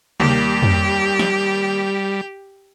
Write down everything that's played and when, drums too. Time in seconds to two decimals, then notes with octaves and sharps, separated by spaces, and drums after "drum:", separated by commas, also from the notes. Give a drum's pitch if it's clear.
0.20 D#2 G3 A#3 G4, drum: tom C3
0.62 drum: tom F2
1.19 drum: snare